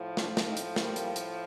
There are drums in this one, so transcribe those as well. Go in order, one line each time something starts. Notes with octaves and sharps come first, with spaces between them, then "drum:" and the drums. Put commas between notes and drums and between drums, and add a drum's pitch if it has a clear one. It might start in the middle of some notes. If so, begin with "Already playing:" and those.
Already playing: A2 F3
D4 F4, drum: snare
drum: snare
C4 D#4
drum: hi-hat
G3 A#3, drum: snare
drum: hi-hat
drum: hi-hat